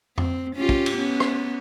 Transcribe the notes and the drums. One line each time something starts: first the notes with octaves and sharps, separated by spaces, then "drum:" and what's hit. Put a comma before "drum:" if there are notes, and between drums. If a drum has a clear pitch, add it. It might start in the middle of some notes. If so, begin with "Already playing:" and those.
C4, drum: tom F2
C#4 F4 G4
drum: kick
drum: cymbal
B3 C#4
drum: rim click